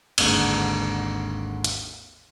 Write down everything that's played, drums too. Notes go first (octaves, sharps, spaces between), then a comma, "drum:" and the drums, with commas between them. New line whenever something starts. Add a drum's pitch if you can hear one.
G#1 D#2 G#2 D3, drum: cymbal
drum: hi-hat